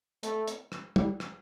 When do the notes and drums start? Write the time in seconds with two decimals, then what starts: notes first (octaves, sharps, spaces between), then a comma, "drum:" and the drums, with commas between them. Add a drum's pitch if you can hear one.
0.23 A3, drum: hi-hat
0.48 drum: hi-hat
0.72 drum: rim click
0.96 G3, drum: tom
1.20 drum: rim click